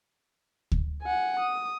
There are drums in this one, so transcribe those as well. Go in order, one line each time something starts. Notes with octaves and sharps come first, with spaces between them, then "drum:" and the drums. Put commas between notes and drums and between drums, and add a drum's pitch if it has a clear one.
drum: kick D2
F#5 G#5
D#6